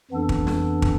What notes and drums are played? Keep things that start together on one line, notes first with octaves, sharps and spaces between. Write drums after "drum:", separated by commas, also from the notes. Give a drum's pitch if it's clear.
F2 E3 B3 D4 A4
drum: kick
drum: snare
drum: kick